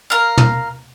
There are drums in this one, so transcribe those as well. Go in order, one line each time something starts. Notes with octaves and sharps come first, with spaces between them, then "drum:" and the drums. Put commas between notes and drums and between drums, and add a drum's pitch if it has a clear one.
A#4 F5
drum: tom